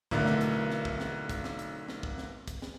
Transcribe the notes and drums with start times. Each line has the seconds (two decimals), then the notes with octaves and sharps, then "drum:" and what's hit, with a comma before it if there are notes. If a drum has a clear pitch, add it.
0.11 B1 D3 E3 A3 A#3, drum: kick
0.26 drum: snare
0.41 drum: hi-hat
0.70 drum: snare
0.85 drum: kick
1.00 drum: snare
1.29 drum: kick, hi-hat
1.44 drum: snare
1.59 drum: hi-hat
1.88 drum: snare
2.03 drum: kick
2.18 drum: snare
2.48 drum: kick, hi-hat
2.62 drum: snare